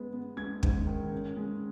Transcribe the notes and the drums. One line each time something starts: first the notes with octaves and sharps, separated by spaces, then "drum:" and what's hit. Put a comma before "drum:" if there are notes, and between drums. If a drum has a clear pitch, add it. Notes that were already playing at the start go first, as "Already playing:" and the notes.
Already playing: G#3 B3
B3
G#3 G#6
G#2, drum: kick
D#3
C#3
G#3